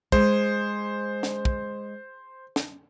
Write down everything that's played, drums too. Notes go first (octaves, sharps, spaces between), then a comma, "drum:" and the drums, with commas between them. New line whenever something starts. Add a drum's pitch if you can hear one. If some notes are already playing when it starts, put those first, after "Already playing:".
G#3 C5, drum: kick
drum: snare
drum: kick
drum: snare